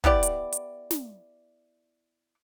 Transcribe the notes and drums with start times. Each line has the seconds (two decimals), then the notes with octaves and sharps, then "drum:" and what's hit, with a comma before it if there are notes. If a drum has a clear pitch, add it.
0.04 B3 E4 G4 D5, drum: kick
0.23 drum: hi-hat
0.52 drum: hi-hat
0.91 drum: snare